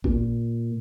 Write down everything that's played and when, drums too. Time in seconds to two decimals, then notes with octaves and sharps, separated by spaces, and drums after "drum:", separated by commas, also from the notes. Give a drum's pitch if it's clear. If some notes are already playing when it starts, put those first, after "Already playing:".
0.04 A#2, drum: kick A1